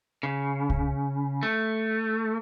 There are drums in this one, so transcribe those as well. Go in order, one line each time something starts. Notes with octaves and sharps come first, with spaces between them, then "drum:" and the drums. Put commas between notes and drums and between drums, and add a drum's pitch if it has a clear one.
C#3
drum: kick C2
A3